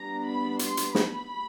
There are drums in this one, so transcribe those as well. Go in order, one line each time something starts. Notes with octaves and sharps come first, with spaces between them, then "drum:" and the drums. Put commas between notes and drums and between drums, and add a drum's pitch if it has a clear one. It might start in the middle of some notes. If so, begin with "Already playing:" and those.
Already playing: G3 B3 D4 A#5
B5
C6, drum: hi-hat
drum: hi-hat
B5, drum: snare